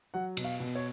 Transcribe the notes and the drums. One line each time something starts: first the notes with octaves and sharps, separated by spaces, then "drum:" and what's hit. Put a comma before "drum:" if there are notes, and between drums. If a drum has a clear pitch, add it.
F#3 F#5
B2, drum: cymbal
F5
B2
C#5